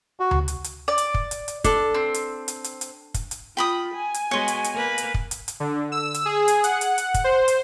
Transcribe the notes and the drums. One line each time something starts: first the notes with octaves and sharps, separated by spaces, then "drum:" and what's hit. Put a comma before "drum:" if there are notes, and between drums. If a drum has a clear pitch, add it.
F#4
drum: tom D2
drum: hi-hat
drum: hi-hat
D5
drum: hi-hat
drum: kick
drum: hi-hat
drum: hi-hat
D4 A4, drum: kick, hi-hat
C4
drum: hi-hat
drum: hi-hat
drum: hi-hat
drum: hi-hat
drum: kick, hi-hat
drum: hi-hat
F4 G5 B5 D#6
G#5
drum: hi-hat
G#3 B3 F#4 C#5 C6
drum: hi-hat
drum: hi-hat
A#3 B4
drum: hi-hat
drum: kick
drum: hi-hat
drum: hi-hat
D3
E6
drum: hi-hat
G#4
drum: hi-hat
F#5, drum: hi-hat
drum: hi-hat
drum: hi-hat
drum: kick, hi-hat
C5
drum: hi-hat